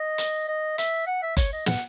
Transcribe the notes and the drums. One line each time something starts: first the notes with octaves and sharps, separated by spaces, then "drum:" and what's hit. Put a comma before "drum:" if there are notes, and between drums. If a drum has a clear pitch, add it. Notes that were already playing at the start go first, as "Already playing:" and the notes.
Already playing: D#5
drum: hi-hat
D#5
E5, drum: hi-hat
F#5
E5
C#5, drum: kick F#1, hi-hat
D#5
F#5, drum: snare